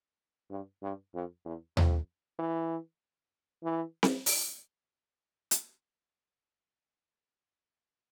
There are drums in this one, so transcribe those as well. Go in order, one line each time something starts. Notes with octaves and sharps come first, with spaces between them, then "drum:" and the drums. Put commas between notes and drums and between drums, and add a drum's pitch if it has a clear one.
G2
G2
F2
E2
F2, drum: tom D#2
E3
E3
drum: snare C4
drum: open hi-hat
drum: hi-hat